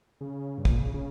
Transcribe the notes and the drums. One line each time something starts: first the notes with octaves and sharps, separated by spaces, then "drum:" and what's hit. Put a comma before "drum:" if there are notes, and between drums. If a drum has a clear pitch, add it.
C#3
G2
A#2, drum: kick
C#3
C#3